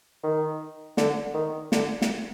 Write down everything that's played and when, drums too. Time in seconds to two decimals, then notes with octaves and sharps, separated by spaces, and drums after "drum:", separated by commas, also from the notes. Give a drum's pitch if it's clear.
0.24 D#3
0.97 D3, drum: snare
1.34 D#3
1.72 D3, drum: snare
2.02 drum: snare